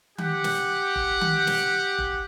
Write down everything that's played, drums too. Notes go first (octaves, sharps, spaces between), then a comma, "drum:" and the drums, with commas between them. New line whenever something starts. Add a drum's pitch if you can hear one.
G4 F#5, drum: tom D#3
drum: snare
drum: kick F1
drum: tom D#3
drum: snare
drum: kick F1